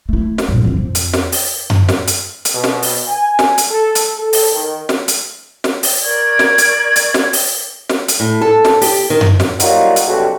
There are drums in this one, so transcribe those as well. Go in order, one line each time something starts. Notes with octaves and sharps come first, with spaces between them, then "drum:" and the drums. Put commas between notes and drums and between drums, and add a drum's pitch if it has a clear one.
A3 E4
drum: snare
G2 A#2
F2 D3
F2
drum: hi-hat
drum: snare
drum: open hi-hat
drum: tom F#2
drum: snare
drum: hi-hat
drum: hi-hat
B2
drum: snare
drum: open hi-hat
G#5
drum: snare
drum: hi-hat
A4
drum: hi-hat
A4
drum: open hi-hat
D#3
drum: snare
drum: hi-hat
drum: snare
drum: open hi-hat
A#4 D5 C#6 G#6
drum: snare
drum: hi-hat
drum: hi-hat
drum: snare
drum: open hi-hat
drum: snare
drum: hi-hat
A2
A4
drum: snare
G4, drum: open hi-hat
D#3
drum: tom F#2
drum: snare
F#3 G3 A#3 D#4 F4 F#4, drum: hi-hat
drum: hi-hat
B1 C#3 G3 A3 F#4